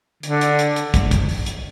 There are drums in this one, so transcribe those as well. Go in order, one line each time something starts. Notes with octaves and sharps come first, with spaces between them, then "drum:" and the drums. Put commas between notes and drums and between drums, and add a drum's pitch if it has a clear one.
D3, drum: hi-hat
drum: hi-hat
drum: hi-hat
drum: hi-hat
drum: kick, hi-hat
drum: kick, hi-hat
drum: open hi-hat
drum: hi-hat